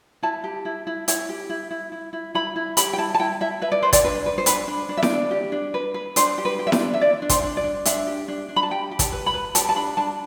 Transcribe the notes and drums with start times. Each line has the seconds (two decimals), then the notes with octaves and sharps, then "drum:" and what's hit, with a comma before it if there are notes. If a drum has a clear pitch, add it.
0.23 E4 A5
0.44 G4
0.65 E4
0.87 E4
1.08 E4, drum: hi-hat
1.29 G4
1.49 E4
1.71 E4
1.92 E4
2.13 E4
2.35 E4 B5
2.56 E4
2.77 G4 B5, drum: hi-hat
2.93 G5
2.98 E4 A5
3.15 A5
3.20 E4 G5
3.40 E4 E5
3.62 B4 E5
3.72 D5
3.83 B4 C5
3.93 D5, drum: kick, hi-hat
4.04 D4 B4
4.26 B4
4.38 C5
4.46 D4 B4, drum: hi-hat
4.68 D4
4.89 D4
4.97 E5
5.03 D5, drum: snare E4
5.10 D4
5.31 G4
5.52 D4
5.74 B4
5.94 B4
6.16 D4 C5, drum: hi-hat
6.38 G4
6.45 B4
6.59 G4
6.67 E5
6.72 D5, drum: snare E4
6.80 D4
6.94 E5
7.01 D4 D5
7.22 D4
7.29 C5, drum: kick, hi-hat
7.43 D4
7.57 D5
7.64 D4
7.85 D4 E5, drum: hi-hat
8.07 G4
8.28 D4
8.49 D4
8.56 B5
8.63 A5
8.71 G4 G5
8.91 G4
8.99 A5, drum: kick, hi-hat
9.12 B4
9.26 B5
9.34 B4
9.55 G4 A5, drum: hi-hat
9.69 A5
9.76 D4 B5
9.97 D4 A5